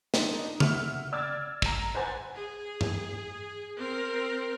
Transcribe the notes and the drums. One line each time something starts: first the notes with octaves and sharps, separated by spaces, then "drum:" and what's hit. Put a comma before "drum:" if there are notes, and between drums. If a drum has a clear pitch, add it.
D4 D#4, drum: snare
E5 F#5 F6, drum: tom C#3
D5 E6 F6 G#6 A6
A#5 A#6, drum: kick
B4 C5 F#5 G#5 A6
G#4
drum: tom G2
C4 A#4